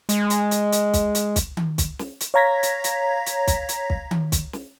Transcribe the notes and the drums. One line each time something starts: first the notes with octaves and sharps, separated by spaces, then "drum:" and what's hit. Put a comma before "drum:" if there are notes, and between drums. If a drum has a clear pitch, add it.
G#3, drum: hi-hat
drum: hi-hat
drum: hi-hat
drum: hi-hat
drum: kick, hi-hat
drum: hi-hat
drum: kick, hi-hat
drum: tom D#3
drum: kick, hi-hat
drum: snare
drum: hi-hat
C#5 F5 A#5 G#6 A#6 B6
drum: hi-hat
drum: hi-hat
drum: hi-hat
drum: kick, hi-hat
drum: hi-hat
drum: kick
drum: tom D#3
drum: kick, hi-hat
drum: snare